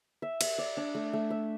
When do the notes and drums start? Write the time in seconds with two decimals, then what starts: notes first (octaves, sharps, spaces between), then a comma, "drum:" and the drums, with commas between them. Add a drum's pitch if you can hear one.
0.22 E5
0.41 E5, drum: cymbal
0.58 D5
0.77 D4
0.95 A3
1.13 A3
1.30 E5